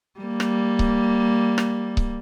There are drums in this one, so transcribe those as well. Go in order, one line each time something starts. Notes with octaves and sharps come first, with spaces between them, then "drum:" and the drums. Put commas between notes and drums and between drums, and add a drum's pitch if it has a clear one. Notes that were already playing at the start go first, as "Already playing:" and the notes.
G3 A#3
drum: rim click
drum: kick C#1
drum: rim click
drum: kick C#1